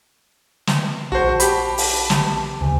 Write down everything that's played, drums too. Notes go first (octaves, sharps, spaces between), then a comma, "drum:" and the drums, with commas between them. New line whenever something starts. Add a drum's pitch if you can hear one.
drum: snare
A#1 F#4 C5 A5
G4 B5, drum: hi-hat
drum: open hi-hat
A5
drum: snare
D2 C#3 G#5